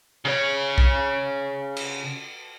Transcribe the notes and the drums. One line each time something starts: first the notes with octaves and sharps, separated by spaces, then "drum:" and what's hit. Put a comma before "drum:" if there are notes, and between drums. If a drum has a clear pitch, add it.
C#3 C#5
drum: kick B1
drum: cymbal